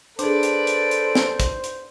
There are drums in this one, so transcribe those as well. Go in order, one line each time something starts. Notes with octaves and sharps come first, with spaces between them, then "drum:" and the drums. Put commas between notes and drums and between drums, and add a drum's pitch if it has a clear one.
D4 G#4 A4 B4 C5 D5, drum: hi-hat
drum: hi-hat
drum: hi-hat
drum: hi-hat
drum: snare
drum: kick, hi-hat
drum: hi-hat